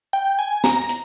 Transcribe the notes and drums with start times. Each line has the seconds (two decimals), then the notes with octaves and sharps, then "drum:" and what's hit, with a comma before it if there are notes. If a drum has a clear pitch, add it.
0.13 G5
0.39 G#5
0.64 A#5, drum: snare
0.89 drum: hi-hat